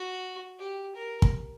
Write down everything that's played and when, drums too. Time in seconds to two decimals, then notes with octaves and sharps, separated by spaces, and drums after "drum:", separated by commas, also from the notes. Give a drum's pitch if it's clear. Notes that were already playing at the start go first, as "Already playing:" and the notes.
Already playing: F#4
0.59 G4
0.96 A#4
1.22 drum: kick